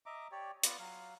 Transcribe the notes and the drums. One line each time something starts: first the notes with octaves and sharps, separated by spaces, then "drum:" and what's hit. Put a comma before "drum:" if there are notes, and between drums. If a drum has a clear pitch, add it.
D#5 E5 A#5 D6
G4 C#5 D5
B3 F4 D5, drum: hi-hat
F#3 F5